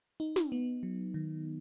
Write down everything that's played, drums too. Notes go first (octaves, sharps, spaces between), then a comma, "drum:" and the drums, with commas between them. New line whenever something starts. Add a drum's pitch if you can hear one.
D#4
drum: snare
B3
F#3
D#3